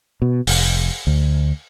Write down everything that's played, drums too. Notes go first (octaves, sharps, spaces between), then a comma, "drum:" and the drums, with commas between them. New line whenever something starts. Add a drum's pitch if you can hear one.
B2
F1, drum: open hi-hat
D2